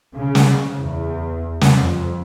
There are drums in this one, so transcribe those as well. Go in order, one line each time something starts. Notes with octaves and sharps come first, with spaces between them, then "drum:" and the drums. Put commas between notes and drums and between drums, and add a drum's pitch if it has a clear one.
C#3
drum: snare
E2
drum: snare
F2